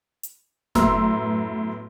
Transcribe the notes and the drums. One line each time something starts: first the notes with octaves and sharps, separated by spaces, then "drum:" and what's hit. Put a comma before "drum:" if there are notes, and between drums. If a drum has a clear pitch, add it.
drum: hi-hat
F#2 A2 B3 A#5 C6 E6, drum: snare F1